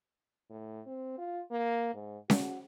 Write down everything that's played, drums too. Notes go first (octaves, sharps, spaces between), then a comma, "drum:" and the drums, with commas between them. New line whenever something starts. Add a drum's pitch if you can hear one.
A2
C4
F4
A#3
G#2
F#4, drum: snare C#4